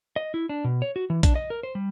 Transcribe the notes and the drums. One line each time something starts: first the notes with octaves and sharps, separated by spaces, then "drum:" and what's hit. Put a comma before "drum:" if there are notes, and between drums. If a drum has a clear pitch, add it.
D#5
E4
D4
B2
C#5
F#4
E3
D4, drum: kick A#1, hi-hat
D#5
A#4
C5
G3